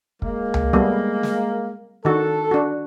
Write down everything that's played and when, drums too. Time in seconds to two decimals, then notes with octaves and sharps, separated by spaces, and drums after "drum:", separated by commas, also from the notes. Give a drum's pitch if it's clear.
0.22 G#3 A#3, drum: kick
0.54 drum: tom C#2
0.73 G3 A3 B3
1.23 drum: snare
2.05 D#3 D4 F#4 A4
2.51 D4 F#4